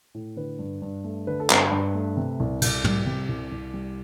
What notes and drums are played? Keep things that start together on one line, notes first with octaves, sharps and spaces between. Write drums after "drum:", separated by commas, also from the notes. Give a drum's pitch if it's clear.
A2
D3 B4
G2
G2
A3
D3 B4
A4
G2 B4, drum: clap
G2
A3
C3
C2
C2, drum: cymbal
G3, drum: tom
C3
C2
C2
G3